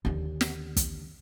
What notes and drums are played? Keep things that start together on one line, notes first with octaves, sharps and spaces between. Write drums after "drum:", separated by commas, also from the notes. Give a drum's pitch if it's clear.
D#2 D3
drum: snare
drum: kick, hi-hat